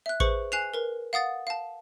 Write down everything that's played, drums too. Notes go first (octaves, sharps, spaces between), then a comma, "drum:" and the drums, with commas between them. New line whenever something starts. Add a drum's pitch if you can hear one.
E5 F#6
G#4 B4 C5 C#6 C#7, drum: kick A1
G#5 F#6 C7 E7 F7
A#4 B4
F5 F#5 D#6 A6
F5 A5